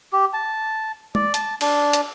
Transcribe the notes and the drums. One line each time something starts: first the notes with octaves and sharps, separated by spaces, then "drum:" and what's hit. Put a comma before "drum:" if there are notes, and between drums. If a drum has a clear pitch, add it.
G4
A5
D5, drum: tom
A5, drum: hi-hat
D4, drum: cymbal
drum: hi-hat